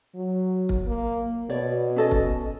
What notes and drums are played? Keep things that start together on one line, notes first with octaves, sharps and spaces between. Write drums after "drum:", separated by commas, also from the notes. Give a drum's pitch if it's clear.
F#3
drum: kick
A#3
B2 C#5 D5
C#4 A4 D#5
drum: kick